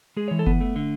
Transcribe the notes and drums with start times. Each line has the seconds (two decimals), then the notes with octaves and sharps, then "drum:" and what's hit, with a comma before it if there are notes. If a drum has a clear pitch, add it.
0.17 G#3 G#4
0.28 E3 C#5
0.39 A4
0.47 B3, drum: kick F#1
0.61 A3
0.76 D3